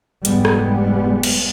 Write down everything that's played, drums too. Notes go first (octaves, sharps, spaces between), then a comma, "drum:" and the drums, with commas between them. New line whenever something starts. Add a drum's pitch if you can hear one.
F1 G#2 G3 G#3 B3, drum: hi-hat
drum: rim click
drum: cymbal